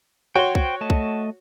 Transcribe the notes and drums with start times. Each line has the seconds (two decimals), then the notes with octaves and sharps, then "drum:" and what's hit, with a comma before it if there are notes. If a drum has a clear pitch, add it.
0.35 F#4 C#5 G5 C6
0.55 C5 G5, drum: kick
0.81 A3 D#5 A5
0.90 drum: kick